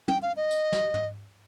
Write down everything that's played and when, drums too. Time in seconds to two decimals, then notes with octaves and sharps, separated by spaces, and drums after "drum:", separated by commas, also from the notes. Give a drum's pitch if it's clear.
0.08 G5, drum: tom
0.22 F5
0.37 D#5
0.51 drum: tambourine
0.72 drum: snare
0.94 drum: tom